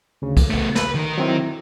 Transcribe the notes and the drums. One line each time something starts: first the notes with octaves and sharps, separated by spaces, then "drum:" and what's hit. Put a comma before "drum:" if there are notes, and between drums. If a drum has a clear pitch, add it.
D2 C#3
drum: kick C2, cymbal
A3 B3
B4, drum: snare
D#3 A#4
F#3 C4 E4